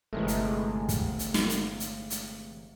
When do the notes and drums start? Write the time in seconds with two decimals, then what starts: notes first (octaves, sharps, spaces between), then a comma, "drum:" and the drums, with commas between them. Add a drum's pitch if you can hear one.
0.13 G1 C3 E3 G#3 A3 A#4
0.28 drum: hi-hat
0.89 drum: kick, hi-hat
1.19 drum: hi-hat
1.34 drum: snare
1.49 drum: hi-hat
1.80 drum: hi-hat
2.10 drum: hi-hat